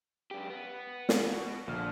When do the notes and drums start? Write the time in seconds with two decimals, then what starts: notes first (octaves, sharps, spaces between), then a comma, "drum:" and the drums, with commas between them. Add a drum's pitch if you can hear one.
0.31 F#2 G4
0.50 B3
1.09 drum: snare
1.27 B2
1.67 A#1 A#2 D3 F6